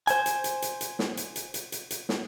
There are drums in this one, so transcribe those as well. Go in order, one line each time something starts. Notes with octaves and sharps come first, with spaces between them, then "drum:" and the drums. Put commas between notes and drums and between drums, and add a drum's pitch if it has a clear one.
C5 G#5, drum: hi-hat
drum: hi-hat
drum: hi-hat
drum: hi-hat
drum: hi-hat
drum: snare
drum: hi-hat
drum: hi-hat
drum: hi-hat
drum: hi-hat
drum: hi-hat
drum: snare